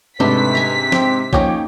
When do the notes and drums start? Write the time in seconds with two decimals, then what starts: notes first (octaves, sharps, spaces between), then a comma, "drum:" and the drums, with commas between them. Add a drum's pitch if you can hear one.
0.20 G#2 C3 A3 D4 B4 C6 B6
0.55 G#5 A#5
0.92 C4 G4, drum: snare
1.33 F3 A#3 C#4 D#4 C#5 G5 D6, drum: kick A#1